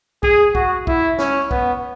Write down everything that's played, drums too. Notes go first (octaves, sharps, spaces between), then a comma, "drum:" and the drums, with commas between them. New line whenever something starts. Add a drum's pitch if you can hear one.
G#4, drum: kick
F#4, drum: kick
E4, drum: kick
C#4, drum: snare
B3, drum: kick